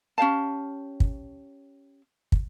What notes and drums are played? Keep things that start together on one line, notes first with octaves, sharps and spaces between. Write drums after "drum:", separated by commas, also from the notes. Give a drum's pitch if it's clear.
C#4 G4 F5 A5
drum: kick
drum: kick